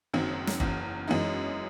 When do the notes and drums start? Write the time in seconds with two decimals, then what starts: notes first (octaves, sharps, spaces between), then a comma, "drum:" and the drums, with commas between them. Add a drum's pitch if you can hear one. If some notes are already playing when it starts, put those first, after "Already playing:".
0.13 F#1 F#2 D#3 F#3 C4
0.47 drum: snare
0.60 F#1 E2 C#3, drum: kick G1
1.07 F#2 E3 G#3 D#4